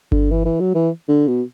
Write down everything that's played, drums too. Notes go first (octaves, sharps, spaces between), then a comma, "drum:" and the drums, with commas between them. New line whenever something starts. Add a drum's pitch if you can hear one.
D3, drum: kick G1
E3
E3
F#3
E3
D3
B2